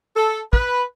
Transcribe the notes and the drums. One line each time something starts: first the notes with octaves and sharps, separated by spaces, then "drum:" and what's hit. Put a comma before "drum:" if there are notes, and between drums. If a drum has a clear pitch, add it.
A4
B4, drum: kick